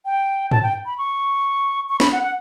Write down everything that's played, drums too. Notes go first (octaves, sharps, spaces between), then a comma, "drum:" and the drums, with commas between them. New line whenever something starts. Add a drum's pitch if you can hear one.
G5
A5, drum: tom G2
G5
B5
C#6
C#6
B5, drum: snare
F#5
F#5